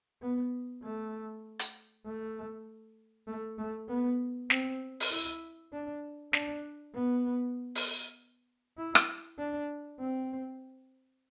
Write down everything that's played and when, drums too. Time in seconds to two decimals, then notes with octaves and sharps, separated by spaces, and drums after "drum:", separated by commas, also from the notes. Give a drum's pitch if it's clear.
0.22 B3
0.83 A3
1.59 drum: hi-hat
2.05 A3
3.27 A3
3.58 A3
3.88 B3
4.50 C4, drum: snare
5.00 drum: open hi-hat
5.11 E4
5.72 D4
6.33 D4, drum: snare
6.94 B3
7.75 drum: open hi-hat
8.77 E4
8.95 drum: rim click
9.38 D4
10.00 C4